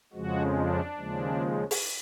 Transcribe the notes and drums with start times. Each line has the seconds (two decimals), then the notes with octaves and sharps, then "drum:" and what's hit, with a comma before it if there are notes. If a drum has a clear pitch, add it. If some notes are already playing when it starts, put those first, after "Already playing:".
0.13 F2 C#3 F3 G#3 F#4
0.55 D4
0.97 D#2 C#3 F3 G#3
1.71 drum: open hi-hat